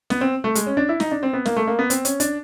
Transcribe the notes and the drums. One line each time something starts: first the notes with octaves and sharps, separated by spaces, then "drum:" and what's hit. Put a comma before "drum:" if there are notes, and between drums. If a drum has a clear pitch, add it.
B3, drum: snare
C4
A3
G#3, drum: hi-hat
C#4
D4
E4
D#4, drum: snare
D4
C4
B3
A#3, drum: snare
A3
A#3
B3
C4, drum: hi-hat
C#4, drum: hi-hat
D4, drum: hi-hat